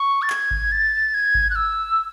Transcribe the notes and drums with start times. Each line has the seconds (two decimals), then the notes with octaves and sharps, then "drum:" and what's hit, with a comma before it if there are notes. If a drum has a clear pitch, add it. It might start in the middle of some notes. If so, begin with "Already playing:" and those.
Already playing: C#6
0.22 A6
0.30 G#6, drum: clap
0.51 drum: kick G#1
0.72 A6
1.14 G#6
1.35 drum: kick G#1
1.51 F#6
1.56 E6